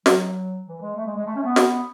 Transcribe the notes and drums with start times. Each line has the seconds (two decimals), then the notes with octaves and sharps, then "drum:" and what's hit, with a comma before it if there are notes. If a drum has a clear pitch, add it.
0.06 F#3, drum: snare
0.67 E3
0.81 G#3
0.96 A3
1.06 G#3
1.17 G#3
1.26 A3
1.36 C#4
1.42 A3
1.46 B3
1.56 drum: snare